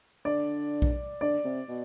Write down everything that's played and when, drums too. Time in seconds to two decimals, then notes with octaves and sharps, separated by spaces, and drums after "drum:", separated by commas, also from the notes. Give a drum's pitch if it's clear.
0.25 D3 D5
0.82 drum: kick A#1
1.21 D3 D5
1.45 C3
1.69 B2